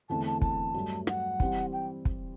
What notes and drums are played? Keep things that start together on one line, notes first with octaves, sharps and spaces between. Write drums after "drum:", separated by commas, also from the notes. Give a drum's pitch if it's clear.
E2 D3 A3 C4 A5
A5
A5, drum: kick
G2 F#3 A3
F#5, drum: rim click
E3 G3 C4 G4, drum: kick
G5
drum: kick